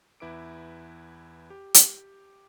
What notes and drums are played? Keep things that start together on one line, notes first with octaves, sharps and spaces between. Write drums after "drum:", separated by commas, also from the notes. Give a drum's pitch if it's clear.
E2 E4 B4 D6 D7
G4
drum: hi-hat